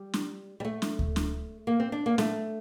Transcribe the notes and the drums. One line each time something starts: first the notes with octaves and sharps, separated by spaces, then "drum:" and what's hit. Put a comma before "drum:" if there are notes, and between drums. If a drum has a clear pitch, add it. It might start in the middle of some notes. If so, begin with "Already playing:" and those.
Already playing: G3
drum: snare
G3
A3
drum: snare
drum: kick D2
drum: snare
A#3
C4
D4
A#3
A3, drum: snare